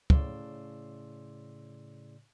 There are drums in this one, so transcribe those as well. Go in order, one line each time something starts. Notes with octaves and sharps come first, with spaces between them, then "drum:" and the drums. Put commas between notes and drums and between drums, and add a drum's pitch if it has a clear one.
A2 C#3 D5 C6 E6, drum: kick